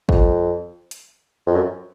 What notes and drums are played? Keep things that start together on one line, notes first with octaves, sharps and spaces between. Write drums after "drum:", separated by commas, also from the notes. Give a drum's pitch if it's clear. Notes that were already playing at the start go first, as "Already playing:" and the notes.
F2, drum: kick
drum: hi-hat
F2
F#2